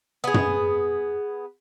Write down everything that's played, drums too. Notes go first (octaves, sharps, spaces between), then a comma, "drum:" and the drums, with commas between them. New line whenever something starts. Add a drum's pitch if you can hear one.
B3 G#4
drum: tom